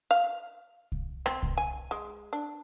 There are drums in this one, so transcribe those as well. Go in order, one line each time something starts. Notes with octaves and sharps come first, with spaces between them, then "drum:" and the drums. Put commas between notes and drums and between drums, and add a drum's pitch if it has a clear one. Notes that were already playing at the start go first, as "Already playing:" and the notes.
F5
drum: kick C2
C4, drum: rim click
drum: kick C2
G#5
G#3
D4